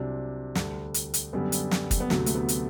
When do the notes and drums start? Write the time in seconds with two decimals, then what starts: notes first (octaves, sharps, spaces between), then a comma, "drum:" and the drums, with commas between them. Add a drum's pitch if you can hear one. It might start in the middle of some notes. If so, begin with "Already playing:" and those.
Already playing: C2 C3 F#3 D4
0.55 D2 D3 G3, drum: snare
0.94 drum: hi-hat
1.14 drum: hi-hat
1.33 F#2 D3 G3 B3
1.52 drum: hi-hat
1.71 drum: snare
1.91 drum: kick, hi-hat
2.00 B3
2.10 D2 C3 F#3 A3, drum: snare
2.26 A3, drum: hi-hat
2.35 B3
2.49 drum: hi-hat